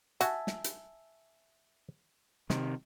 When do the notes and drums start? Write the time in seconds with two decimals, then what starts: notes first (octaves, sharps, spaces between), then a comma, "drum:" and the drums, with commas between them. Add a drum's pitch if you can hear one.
0.21 F#4 E5 G#5 A5, drum: hi-hat
0.47 drum: snare
0.64 drum: hi-hat
2.50 C3 D#3, drum: snare